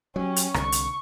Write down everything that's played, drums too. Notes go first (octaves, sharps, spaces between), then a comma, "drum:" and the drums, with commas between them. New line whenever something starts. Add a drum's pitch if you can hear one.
F#3 C#4 G4
drum: hi-hat
C2 D3 C#6, drum: rim click
drum: hi-hat